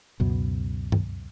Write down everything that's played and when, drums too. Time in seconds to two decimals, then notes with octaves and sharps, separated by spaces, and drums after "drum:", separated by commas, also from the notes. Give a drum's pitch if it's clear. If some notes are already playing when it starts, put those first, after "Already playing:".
0.20 C#2 F#2 B2
0.92 drum: tom G2